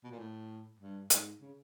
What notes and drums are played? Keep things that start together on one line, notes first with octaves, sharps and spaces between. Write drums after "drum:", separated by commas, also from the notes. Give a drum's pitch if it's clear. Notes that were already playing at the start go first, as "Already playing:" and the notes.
B2
A#2
A2
G2
G#2, drum: hi-hat
C#3